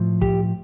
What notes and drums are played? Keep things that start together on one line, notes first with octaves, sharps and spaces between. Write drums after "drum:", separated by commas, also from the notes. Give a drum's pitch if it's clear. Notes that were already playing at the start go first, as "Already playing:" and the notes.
Already playing: A2 F3
G4, drum: kick